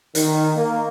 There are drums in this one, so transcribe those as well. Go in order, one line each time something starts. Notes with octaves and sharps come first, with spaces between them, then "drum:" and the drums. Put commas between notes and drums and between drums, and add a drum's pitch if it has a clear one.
D#3, drum: hi-hat
A#3